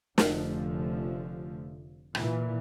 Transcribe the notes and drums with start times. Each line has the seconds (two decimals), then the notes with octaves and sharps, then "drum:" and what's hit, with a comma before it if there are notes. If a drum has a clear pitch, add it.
0.18 F1 D3 F3 A3, drum: snare
2.15 A#2 E3, drum: rim click